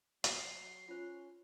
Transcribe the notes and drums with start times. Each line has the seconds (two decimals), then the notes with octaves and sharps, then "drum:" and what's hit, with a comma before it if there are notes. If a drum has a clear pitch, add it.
0.24 F#3 G5 C6, drum: hi-hat
0.88 C#4 F4 C5